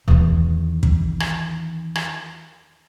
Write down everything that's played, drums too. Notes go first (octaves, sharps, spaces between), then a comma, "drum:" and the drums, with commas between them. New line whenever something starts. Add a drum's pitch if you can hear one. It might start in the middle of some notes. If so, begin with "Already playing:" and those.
E2 D#3
drum: kick
drum: rim click
drum: rim click